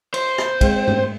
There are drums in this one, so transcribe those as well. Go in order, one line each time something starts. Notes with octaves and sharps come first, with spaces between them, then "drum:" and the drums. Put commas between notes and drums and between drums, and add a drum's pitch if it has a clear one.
C5, drum: cymbal
drum: rim click
G#3 C4 G#4, drum: kick, cymbal
drum: tom G#2